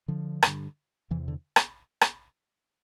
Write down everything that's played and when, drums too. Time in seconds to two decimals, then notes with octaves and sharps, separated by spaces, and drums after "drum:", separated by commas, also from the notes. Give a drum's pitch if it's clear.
0.08 D3 F3
0.43 G2 D3, drum: rim click
1.11 E2 C3 E3
1.28 D3
1.56 drum: rim click
2.01 drum: rim click